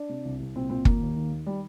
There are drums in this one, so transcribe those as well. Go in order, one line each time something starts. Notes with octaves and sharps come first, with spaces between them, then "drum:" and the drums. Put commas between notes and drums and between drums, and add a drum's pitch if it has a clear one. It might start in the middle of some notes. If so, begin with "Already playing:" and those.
Already playing: D4
C3
C2
C2
A#2 C4
A#2 C4
D#2 A#3, drum: kick
D#2
D#3
D#3
G3